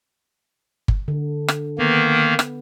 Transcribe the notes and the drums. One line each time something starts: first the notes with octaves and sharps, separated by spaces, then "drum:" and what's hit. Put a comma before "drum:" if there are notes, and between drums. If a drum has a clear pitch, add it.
drum: kick G1
D3
drum: rim click
D#3 A#3 B3
drum: rim click